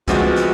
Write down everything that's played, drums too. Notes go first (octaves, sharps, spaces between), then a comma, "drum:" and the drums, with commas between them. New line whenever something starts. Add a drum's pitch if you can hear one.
D2 C3 F3 G#3 B3 F#4, drum: kick, hi-hat
drum: hi-hat